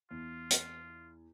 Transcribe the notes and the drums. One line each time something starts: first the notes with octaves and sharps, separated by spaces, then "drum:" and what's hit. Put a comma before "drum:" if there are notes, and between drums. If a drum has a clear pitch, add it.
E2 F4
drum: hi-hat